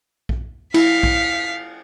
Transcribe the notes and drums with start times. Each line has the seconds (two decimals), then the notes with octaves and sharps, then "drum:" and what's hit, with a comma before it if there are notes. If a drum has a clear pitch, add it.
0.29 drum: kick A#1
0.74 E4 F5 B6, drum: cymbal
1.03 drum: kick A#1